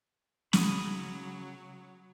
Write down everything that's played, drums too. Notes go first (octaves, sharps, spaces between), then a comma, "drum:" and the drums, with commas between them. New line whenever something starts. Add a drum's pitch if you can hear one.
C#3 F#3 B5 D#6, drum: snare